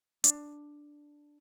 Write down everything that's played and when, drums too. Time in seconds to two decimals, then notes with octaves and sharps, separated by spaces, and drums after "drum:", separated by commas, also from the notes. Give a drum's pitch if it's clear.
0.24 D4, drum: hi-hat